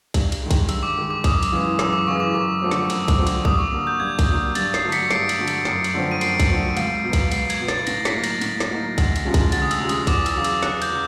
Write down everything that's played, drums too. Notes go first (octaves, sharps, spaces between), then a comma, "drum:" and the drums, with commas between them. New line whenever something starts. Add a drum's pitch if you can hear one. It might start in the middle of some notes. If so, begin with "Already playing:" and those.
G2, drum: kick B1, cymbal
drum: cymbal
D#3 G#3
drum: kick B1, cymbal
G2 E6, drum: cymbal
D6
D#3 G#3
D6
F#2 D#6, drum: kick B1, cymbal
drum: cymbal
C#3 E3 G#3
F#2 E6, drum: snare
D6
C#3 E3 G#3 C#6
D6
F#2 D6
D3 F3 A3 C4
drum: snare
F#2 E6, drum: cymbal
drum: kick B1, cymbal
D3 F3 A3 C4
drum: cymbal
G2 D#6, drum: kick B1
C#6
D3 F#3 A#3
G6
G2 G#6
drum: kick B1, cymbal
D3 F#3 A#3
G2 A6, drum: cymbal
C7, drum: snare
D3 F#3 A3
B6 C#7, drum: cymbal
G2 C7 D7, drum: snare
drum: cymbal
D3 F#3 A3
drum: cymbal
F#2, drum: snare
drum: cymbal
D3 F3 A3 C4
D#7
F#2 C7 D7, drum: cymbal
drum: kick B1, cymbal
D3 F3 A3 C4
C#2, drum: cymbal
B2 F#3 B3
drum: kick B1, cymbal
C#2 C7, drum: cymbal
G#6, drum: cymbal
B2 F#3 B3
A6, drum: snare
A2 A#6, drum: cymbal
B6, drum: snare
F#3 A#3 D#4
A#6, drum: cymbal
A2, drum: cymbal
drum: snare
F#3 A#3 D#4
D2, drum: kick B1, cymbal
drum: cymbal
C3 F3 G#3 C#4
drum: kick B1, cymbal
D2 A6, drum: cymbal
D#6
E6, drum: cymbal
C3 F3 G#3 C#4
D#6, drum: cymbal
E2 D6, drum: kick B1, cymbal
E6, drum: cymbal
C#3 F#3
E6, drum: cymbal
E2 F#6, drum: snare
G6, drum: cymbal
C#3 F#3